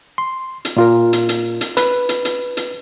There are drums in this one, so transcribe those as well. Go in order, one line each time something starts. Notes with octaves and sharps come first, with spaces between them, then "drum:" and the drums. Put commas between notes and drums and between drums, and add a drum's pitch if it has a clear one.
C6
drum: hi-hat
A#2 F4 A#4
drum: hi-hat
drum: hi-hat
drum: hi-hat
B4, drum: hi-hat
drum: hi-hat
drum: hi-hat
drum: hi-hat